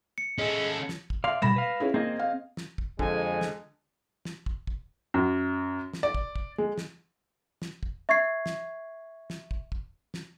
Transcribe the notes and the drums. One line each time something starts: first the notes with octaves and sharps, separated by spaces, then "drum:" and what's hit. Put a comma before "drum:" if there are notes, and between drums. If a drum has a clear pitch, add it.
C#7
G#3 C#4 A4
drum: snare
drum: kick
D5 E5 F5 C6
B2 G3 B5 A#6 E7
B4 F5
C#4 E4 G#4
A#3 C4 G#4 D#5
F5
drum: snare
drum: kick
F2 D3 G#3 G#5, drum: kick
drum: snare
drum: snare
drum: kick
drum: kick
F#2
drum: snare
D5
drum: kick
drum: kick
G#3
drum: snare
drum: snare
drum: kick
E5 C#6 G#6 C7
drum: snare
drum: snare
drum: kick
drum: kick
drum: snare